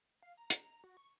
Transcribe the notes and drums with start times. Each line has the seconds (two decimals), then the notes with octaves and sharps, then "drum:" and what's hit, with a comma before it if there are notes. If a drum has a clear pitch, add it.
0.22 F5
0.37 A#5
0.50 drum: hi-hat
0.84 F#4
0.97 C#6